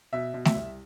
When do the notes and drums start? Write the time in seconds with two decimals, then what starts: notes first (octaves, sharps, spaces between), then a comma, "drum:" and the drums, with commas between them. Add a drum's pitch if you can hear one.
0.13 B2 E5
0.34 B2
0.45 E5, drum: snare A3
0.55 C2